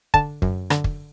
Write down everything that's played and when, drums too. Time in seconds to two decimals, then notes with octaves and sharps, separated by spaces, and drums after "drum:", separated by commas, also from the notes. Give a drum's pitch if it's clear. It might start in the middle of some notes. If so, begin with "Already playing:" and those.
0.14 D3 A5, drum: kick
0.42 F#2, drum: kick
0.70 D3, drum: rim click
0.84 drum: kick